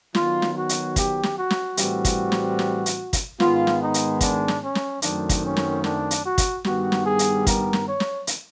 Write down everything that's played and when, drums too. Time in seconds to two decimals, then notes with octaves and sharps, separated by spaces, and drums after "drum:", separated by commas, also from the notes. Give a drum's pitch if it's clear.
0.15 D#3 F#3 B3 F4, drum: snare
0.42 drum: snare
0.56 F#4
0.69 drum: hi-hat
0.96 G4, drum: kick, hi-hat
1.23 drum: snare
1.37 F#4
1.50 drum: snare
1.77 A2 E3 G3 C4 F#4, drum: hi-hat
2.05 drum: kick, hi-hat
2.32 drum: snare
2.59 drum: snare
2.86 drum: hi-hat
3.13 drum: kick, hi-hat
3.40 G#2 D#3 G#3 B3 F4, drum: snare
3.67 drum: snare
3.81 D#4
3.94 drum: hi-hat
4.21 D4, drum: kick, hi-hat
4.48 drum: snare
4.62 C#4
4.75 drum: snare
5.02 F#2 D#3 F#3 A3 C4 D4, drum: hi-hat
5.29 drum: kick, hi-hat
5.44 C#4
5.57 drum: snare
5.84 D4, drum: snare
6.11 drum: hi-hat
6.24 F#4
6.38 drum: kick, hi-hat
6.64 G2 D#3 G3 B3 F#4, drum: snare
6.92 drum: snare
7.06 G#4
7.19 drum: hi-hat
7.47 A#4, drum: kick, hi-hat
7.73 drum: snare
7.86 C#5
8.00 drum: snare
8.27 drum: hi-hat